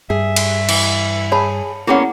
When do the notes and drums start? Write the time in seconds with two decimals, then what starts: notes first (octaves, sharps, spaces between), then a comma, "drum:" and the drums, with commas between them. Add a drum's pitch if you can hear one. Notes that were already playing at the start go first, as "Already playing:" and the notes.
0.10 G2 G#4 E5
0.36 drum: cymbal
0.69 E3, drum: cymbal
1.32 G#4 C#5 A5 B5
1.87 A#3 B3 C#4 E4 G#4 F#5